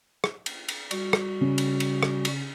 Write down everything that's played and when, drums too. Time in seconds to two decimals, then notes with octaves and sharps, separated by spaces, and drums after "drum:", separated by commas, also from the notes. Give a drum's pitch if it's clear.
0.24 drum: rim click
0.46 drum: cymbal
0.68 drum: cymbal
0.91 G3 F#4, drum: cymbal
1.13 drum: rim click
1.41 C#3
1.58 drum: cymbal
1.80 drum: cymbal
2.03 drum: rim click
2.25 drum: cymbal